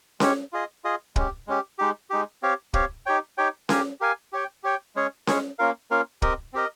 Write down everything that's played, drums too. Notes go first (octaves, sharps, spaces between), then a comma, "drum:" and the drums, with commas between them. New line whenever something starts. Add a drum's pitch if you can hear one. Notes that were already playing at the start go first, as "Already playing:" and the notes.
G#3 C#4 G4 C#5, drum: snare C#4
F4 G#4 D#5
F4 G#4 D#5
G#3 C#4 G4, drum: kick
G#3 C#4 G4
G#3 D#4 G4
G#3 D#4 G4
C4 G4 C#5 F5
C4 G4 C#5 F5, drum: kick
D#4 G4 C#5 G5
D#4 G4 C#5 G5
G4 A#4 F5 G#5, drum: snare C#4
G4 A#4 F5 G#5
G4 C#5 G5
G4 C#5 G5
G#3 C#4 G#4 C#5
G#3 C#4 G#4 C#5, drum: snare C#4
A#3 C#4 F4 A#4 F5
A#3 C#4 F4 A#4 F5
C4 G4 A#4 D#5, drum: kick
C4 G4 A#4 D#5